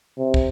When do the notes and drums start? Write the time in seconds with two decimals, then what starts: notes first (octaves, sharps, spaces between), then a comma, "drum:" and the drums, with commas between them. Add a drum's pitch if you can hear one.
0.18 C3
0.34 drum: kick